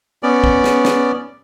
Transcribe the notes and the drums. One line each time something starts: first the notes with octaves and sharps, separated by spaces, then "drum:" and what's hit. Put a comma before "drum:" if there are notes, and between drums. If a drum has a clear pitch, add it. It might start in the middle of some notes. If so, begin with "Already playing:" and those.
B3 C#4 D5
drum: kick
drum: snare
drum: snare